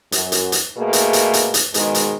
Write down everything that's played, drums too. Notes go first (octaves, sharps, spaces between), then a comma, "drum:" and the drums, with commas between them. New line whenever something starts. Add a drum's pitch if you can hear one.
F#2, drum: hi-hat
drum: hi-hat
drum: hi-hat
B2 A3 A#3 G#4
drum: hi-hat
drum: hi-hat
drum: hi-hat
drum: hi-hat
G#2 B2 D#3 G#3, drum: hi-hat
drum: hi-hat